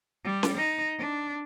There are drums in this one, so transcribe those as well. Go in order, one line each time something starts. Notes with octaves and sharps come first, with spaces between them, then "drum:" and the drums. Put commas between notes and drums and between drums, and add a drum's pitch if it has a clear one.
G3
drum: snare C#4
D#4
D4